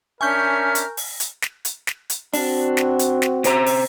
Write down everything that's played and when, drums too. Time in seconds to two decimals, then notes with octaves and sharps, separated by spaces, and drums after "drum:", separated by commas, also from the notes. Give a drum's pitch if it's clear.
0.21 C#4 D4 A#4 E5 G#5 C#6 F6 G6
0.75 drum: hi-hat
0.97 drum: open hi-hat
1.20 drum: hi-hat
1.42 drum: snare
1.65 drum: hi-hat
1.87 drum: snare
2.10 drum: hi-hat
2.34 C4 D4 F#4, drum: open hi-hat
2.77 drum: snare
2.99 drum: hi-hat
3.22 drum: snare
3.44 C3 C5 A#5, drum: hi-hat
3.67 drum: open hi-hat